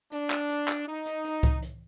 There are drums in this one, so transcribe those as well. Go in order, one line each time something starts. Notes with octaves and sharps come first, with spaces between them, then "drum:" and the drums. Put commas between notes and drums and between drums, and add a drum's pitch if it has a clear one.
D4, drum: hi-hat
drum: clap
drum: hi-hat
drum: clap
D#4
drum: hi-hat
drum: hi-hat
drum: kick C2
drum: hi-hat